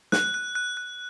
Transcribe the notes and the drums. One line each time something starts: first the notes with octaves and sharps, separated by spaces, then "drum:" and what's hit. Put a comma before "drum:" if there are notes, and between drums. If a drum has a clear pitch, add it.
F#6, drum: snare
F#6
F#6
F#6